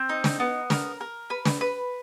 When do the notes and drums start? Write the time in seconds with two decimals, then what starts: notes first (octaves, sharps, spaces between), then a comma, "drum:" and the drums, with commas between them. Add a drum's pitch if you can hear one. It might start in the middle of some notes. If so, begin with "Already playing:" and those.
Already playing: C4
0.09 D#4
0.24 drum: snare
0.40 B3
0.70 A#4, drum: snare
1.01 A#4
1.30 B4
1.45 drum: snare
1.61 B4